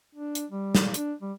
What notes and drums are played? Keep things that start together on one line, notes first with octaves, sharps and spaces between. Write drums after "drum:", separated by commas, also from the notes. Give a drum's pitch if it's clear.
D4
drum: hi-hat
G3
drum: snare
D4, drum: hi-hat
G3